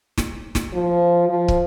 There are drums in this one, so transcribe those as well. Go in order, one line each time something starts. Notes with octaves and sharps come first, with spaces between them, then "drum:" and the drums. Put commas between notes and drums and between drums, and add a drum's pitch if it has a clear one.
drum: snare
drum: snare
F3
F3
drum: kick